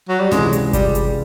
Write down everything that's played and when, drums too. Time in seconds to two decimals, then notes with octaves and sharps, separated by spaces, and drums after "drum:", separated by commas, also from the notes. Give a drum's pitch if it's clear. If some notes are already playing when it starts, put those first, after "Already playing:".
0.09 F#3
0.20 G3
0.31 C#2 C3 E3 G#3, drum: snare
0.53 drum: hi-hat
0.73 G3, drum: kick G1, hi-hat
0.95 drum: hi-hat